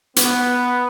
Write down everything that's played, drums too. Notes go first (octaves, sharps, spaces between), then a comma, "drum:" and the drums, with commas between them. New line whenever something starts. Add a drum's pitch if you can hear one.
B3, drum: hi-hat